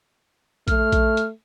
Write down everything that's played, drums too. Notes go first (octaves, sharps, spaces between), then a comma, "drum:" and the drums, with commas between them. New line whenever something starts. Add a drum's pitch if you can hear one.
A3 F6, drum: kick A#1, hi-hat
drum: kick A#1, hi-hat
drum: hi-hat